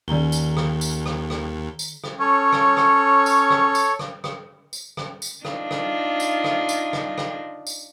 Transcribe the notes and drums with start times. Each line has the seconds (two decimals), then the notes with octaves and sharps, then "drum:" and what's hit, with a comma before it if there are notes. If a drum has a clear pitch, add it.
0.08 D#2 D#3 A#5 G7
0.32 drum: tambourine
0.57 drum: rim click
0.81 drum: tambourine
1.06 drum: rim click
1.30 drum: rim click
1.79 drum: tambourine
2.04 drum: rim click
2.20 C#4 A4 C#5
2.53 drum: rim click
2.77 drum: rim click
3.26 drum: tambourine
3.50 drum: rim click
3.75 drum: tambourine
3.99 drum: rim click
4.24 drum: rim click
4.73 drum: tambourine
4.97 drum: rim click
5.22 drum: tambourine
5.45 D4 D#4 F4, drum: rim click
5.71 drum: rim click
6.20 drum: tambourine
6.44 drum: rim click
6.69 drum: tambourine
6.93 drum: rim click
7.18 drum: rim click
7.67 drum: tambourine